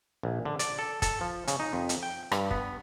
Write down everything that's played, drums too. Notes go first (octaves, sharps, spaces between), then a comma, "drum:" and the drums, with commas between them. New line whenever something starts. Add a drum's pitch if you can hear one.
A#1
D3
D5, drum: hi-hat
A4
A4, drum: kick, hi-hat
F3
C#3, drum: hi-hat
D#4
F2
drum: hi-hat
G5
G2, drum: rim click
B3, drum: kick